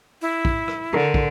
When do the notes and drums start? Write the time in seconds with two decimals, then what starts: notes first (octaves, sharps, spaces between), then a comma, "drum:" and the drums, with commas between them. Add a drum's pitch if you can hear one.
0.22 E4
0.45 drum: kick
0.68 drum: rim click
0.93 D3 A#4
1.14 drum: kick